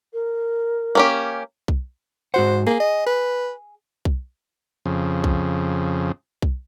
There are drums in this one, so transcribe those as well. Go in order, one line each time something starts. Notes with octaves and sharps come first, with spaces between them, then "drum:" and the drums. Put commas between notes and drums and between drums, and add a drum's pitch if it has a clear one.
A#4
A#3 C#4 G4
drum: kick B1
G#2 F#4 C5 F#5
A#3 G#4
D#5
B4
drum: kick B1
F2 C#3
drum: kick B1
drum: kick B1